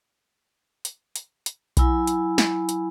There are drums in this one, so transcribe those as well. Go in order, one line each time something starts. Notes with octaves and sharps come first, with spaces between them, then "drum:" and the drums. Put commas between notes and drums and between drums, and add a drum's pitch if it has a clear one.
drum: hi-hat
drum: hi-hat
drum: hi-hat
F#3 E4 G#5 B5, drum: kick B1, hi-hat
drum: hi-hat
drum: snare
drum: hi-hat